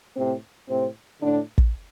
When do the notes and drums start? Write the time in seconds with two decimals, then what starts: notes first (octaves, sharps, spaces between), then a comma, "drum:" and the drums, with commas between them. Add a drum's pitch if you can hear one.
0.16 A2 C3 C4
0.69 A2 C3 C4
1.21 A2 D3 D4
1.58 drum: kick